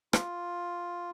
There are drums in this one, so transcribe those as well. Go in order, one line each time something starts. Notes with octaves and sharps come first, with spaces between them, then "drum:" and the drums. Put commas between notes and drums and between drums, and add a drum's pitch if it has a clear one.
F4, drum: rim click